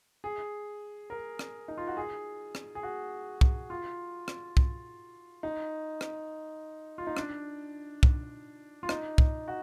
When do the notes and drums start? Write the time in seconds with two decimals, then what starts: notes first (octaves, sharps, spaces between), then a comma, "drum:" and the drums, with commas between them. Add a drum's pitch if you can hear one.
0.24 G#4
1.10 A#4
1.39 drum: rim click
1.68 D#4
1.78 F4
1.87 F#4
1.97 G#4
2.55 drum: rim click
2.75 G#4
2.83 F#4
3.41 drum: kick
3.70 F4
4.28 drum: rim click
4.57 drum: kick
5.43 D#4
6.01 drum: rim click
6.98 F4
7.07 D#4
7.17 D4, drum: rim click
8.03 drum: kick
8.83 F4
8.89 D#4, drum: rim click
9.18 drum: kick
9.48 F#4